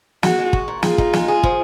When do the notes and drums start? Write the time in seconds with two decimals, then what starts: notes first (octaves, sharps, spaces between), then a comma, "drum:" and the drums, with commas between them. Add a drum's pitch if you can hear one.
0.23 G#3 F#4, drum: snare
0.39 G#3
0.53 F#4, drum: kick
0.68 A#2
0.83 F4 G#4, drum: snare
0.98 D#4, drum: kick
1.13 G#3, drum: snare
1.28 G#4
1.43 F3, drum: kick